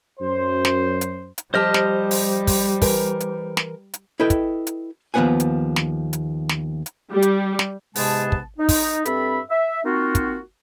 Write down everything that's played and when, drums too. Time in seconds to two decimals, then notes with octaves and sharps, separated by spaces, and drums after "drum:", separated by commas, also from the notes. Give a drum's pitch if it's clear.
0.20 F#2 C5
0.65 drum: snare
1.01 drum: hi-hat
1.38 drum: hi-hat
1.54 F3 G3 G4 C5 D#5 A5 F6
1.74 drum: snare
2.11 drum: open hi-hat
2.47 drum: kick, open hi-hat
2.82 E3 A#4, drum: kick, open hi-hat
3.20 drum: hi-hat
3.57 drum: snare
3.94 drum: hi-hat
4.20 E4 A4 B4 D#5 G5
4.30 drum: kick, hi-hat
4.67 drum: hi-hat
5.14 D#2 F3 B3 B4 F#5 G#5
5.40 drum: hi-hat
5.76 drum: snare
6.13 drum: hi-hat
6.49 drum: snare
6.86 drum: hi-hat
7.10 G3
7.22 drum: hi-hat
7.59 drum: snare
7.95 G#2 C3 G#3 B3 G#4 A5, drum: open hi-hat
8.32 drum: kick
8.59 D#4
8.69 drum: kick, open hi-hat
9.05 G2 C4 A4 E5 B5, drum: hi-hat
9.50 E5
9.85 A#3 C4 D#4 F4 F#4
10.15 drum: kick, hi-hat